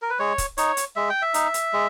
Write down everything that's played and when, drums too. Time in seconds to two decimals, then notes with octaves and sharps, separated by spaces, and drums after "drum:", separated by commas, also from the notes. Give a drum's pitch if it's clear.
0.02 A#4
0.10 B4
0.19 G#3 C#5
0.38 drum: kick, hi-hat
0.58 D#4 C#5, drum: hi-hat
0.77 drum: hi-hat
0.96 G#3 E5
1.10 G5
1.22 E5
1.34 D#4, drum: hi-hat
1.54 drum: hi-hat
1.73 G#3